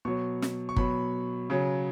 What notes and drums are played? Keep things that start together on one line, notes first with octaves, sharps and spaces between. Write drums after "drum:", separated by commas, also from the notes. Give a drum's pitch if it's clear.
B2 F#3 C#6
drum: snare
C#6
B2 F#3 B5, drum: kick G1
C#3 F#3